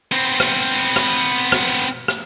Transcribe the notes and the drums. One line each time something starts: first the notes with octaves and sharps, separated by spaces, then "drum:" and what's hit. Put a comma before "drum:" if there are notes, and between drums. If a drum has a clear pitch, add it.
B3 C4
drum: rim click
drum: rim click
drum: rim click
drum: rim click